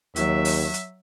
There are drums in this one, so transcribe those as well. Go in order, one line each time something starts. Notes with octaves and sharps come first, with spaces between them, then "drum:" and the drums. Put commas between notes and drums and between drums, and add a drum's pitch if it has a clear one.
D#2 F#3 E5, drum: hi-hat
drum: open hi-hat
drum: hi-hat